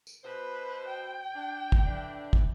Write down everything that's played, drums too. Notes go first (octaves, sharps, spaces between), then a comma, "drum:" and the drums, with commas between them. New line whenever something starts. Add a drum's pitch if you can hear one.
drum: tambourine
B2 B4 C5
G5
D4
drum: kick
D3 E3 D4
drum: kick